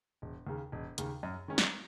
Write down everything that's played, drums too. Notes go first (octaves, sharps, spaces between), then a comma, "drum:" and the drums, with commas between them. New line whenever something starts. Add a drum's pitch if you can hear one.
E1
D#2 C#3
E1
D#2 C#3, drum: hi-hat
F#2
D#3 G#3 C#4
drum: snare